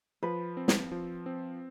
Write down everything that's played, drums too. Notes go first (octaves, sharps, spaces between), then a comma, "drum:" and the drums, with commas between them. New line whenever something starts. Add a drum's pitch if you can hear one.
F3 B4
C4
drum: snare
F3
C4